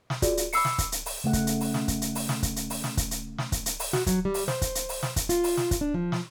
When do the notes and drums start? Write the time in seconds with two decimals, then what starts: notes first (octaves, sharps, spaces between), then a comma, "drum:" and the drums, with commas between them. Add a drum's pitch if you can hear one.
0.10 drum: snare
0.22 F4 F#4 G#4 D5, drum: kick, hi-hat
0.37 drum: hi-hat
0.53 B5 D6 E6 C7 C#7, drum: open hi-hat
0.65 drum: snare
0.78 drum: kick, hi-hat
0.92 drum: hi-hat
1.06 drum: open hi-hat
1.24 C#3 A3 F#5
1.33 drum: kick, hi-hat
1.47 drum: hi-hat
1.61 drum: open hi-hat
1.74 drum: snare
1.88 drum: kick, hi-hat
2.02 drum: hi-hat
2.15 drum: open hi-hat
2.29 drum: snare
2.43 drum: kick, hi-hat
2.56 drum: hi-hat
2.70 drum: open hi-hat
2.84 drum: snare
2.97 drum: kick, hi-hat
3.11 drum: hi-hat
3.38 drum: snare
3.52 drum: kick, hi-hat
3.66 drum: hi-hat
3.79 drum: open hi-hat
3.93 F#4, drum: snare
4.07 F#3, drum: kick, hi-hat
4.25 G3
4.34 drum: open hi-hat
4.48 C5, drum: snare
4.62 drum: kick, hi-hat
4.75 drum: hi-hat
4.89 drum: open hi-hat
5.03 drum: snare
5.16 drum: kick, hi-hat
5.29 F4, drum: hi-hat
5.44 drum: open hi-hat
5.57 drum: snare
5.71 drum: kick, hi-hat
5.81 D4
5.94 F3
6.12 drum: snare